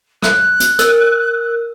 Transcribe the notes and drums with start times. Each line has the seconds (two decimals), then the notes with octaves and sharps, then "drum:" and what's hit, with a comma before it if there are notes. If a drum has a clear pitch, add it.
0.22 F#6, drum: rim click
0.60 drum: hi-hat
0.79 A#4 E6, drum: hi-hat